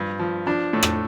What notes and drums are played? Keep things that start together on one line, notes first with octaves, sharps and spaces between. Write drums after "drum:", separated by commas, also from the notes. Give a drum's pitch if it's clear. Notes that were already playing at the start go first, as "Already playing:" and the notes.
Already playing: G2 F3
F3
F3 D4
A2 A3
drum: rim click